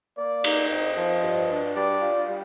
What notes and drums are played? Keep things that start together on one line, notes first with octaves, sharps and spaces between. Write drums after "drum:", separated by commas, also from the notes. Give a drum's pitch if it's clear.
A#3 D5
D#4, drum: cymbal
F2 D#5
F3
G2
D4
G3 D5
F4
G3